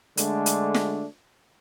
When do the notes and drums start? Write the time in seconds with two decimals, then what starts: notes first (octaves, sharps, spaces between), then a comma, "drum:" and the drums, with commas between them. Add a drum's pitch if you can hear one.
0.17 D3 G#3 A3 D4, drum: hi-hat
0.46 drum: hi-hat
0.74 drum: snare